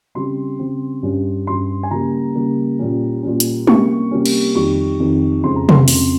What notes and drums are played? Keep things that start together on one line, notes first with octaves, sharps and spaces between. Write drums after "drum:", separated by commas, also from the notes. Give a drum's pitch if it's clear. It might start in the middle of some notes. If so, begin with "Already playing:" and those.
C#3 G3 C4 C6
C#3 G3 C4
G2 G3 C#4
G2 G3 C#4 C6
G#5
C#3 G3 A#3 A#5
C#3 G3 A#3
A#2 G3 C#4
A#2 G3 C#4
drum: hi-hat
C3 G3 A#3 C#4 C#6, drum: tom G#3
C3 G3 A#3 C#4
drum: cymbal
F2 D#3 G3 C#6
F2 D#3 G3
F2 C#3 G#3 C4 C6
A#5
C6, drum: tom C3
F2 C#3 G#3 C4, drum: open hi-hat